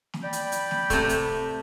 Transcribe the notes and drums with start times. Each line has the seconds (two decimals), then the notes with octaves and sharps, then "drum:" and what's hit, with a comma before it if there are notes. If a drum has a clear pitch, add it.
0.14 drum: snare
0.23 D5 G5 B5
0.33 drum: hi-hat
0.52 drum: hi-hat
0.71 drum: snare
0.90 C3 A3, drum: kick, hi-hat
1.09 drum: hi-hat